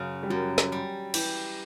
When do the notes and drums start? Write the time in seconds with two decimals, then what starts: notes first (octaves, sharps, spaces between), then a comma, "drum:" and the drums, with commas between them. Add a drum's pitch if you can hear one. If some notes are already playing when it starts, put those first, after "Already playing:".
Already playing: F#2 C#3 F#3
0.23 G3
0.30 F#2 F#3
0.58 drum: snare
0.72 G3
1.14 E3 G4, drum: cymbal